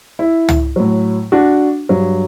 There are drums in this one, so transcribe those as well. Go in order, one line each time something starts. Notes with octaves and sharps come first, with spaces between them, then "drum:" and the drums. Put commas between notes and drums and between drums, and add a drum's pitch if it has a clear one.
E4
drum: tom
A2 F#3
D4 F#4
G2 F#3